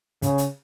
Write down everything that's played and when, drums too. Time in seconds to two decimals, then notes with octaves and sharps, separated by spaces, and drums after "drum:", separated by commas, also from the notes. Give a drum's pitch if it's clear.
0.22 C#3, drum: kick, hi-hat
0.38 drum: hi-hat